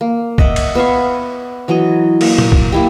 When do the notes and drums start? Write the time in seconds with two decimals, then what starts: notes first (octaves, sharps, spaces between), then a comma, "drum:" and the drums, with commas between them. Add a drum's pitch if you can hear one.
0.01 A#3
0.38 D#5 E5 F#5 D6, drum: kick
0.56 drum: cymbal
0.75 B3 E5 F5 C#6
1.68 E3 F#3 C#5 D#5
2.21 A#3, drum: cymbal
2.38 drum: tom A#2
2.52 drum: kick
2.72 A#3 E4 G4